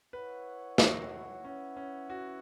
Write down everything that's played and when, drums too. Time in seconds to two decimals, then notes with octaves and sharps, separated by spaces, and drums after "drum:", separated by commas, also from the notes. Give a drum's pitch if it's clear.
0.13 E4 B4 C#5 F#5
0.78 F#4, drum: snare
1.44 C#4 E4 B4 F#5
1.77 C#4
2.10 F#4